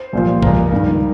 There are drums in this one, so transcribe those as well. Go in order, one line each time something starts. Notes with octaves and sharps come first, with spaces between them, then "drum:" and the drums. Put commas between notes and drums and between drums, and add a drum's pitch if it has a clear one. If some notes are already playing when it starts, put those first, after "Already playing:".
Already playing: C5
C2 A#2 F3
C#2 C#3 F3 A#4, drum: kick
G2 D#3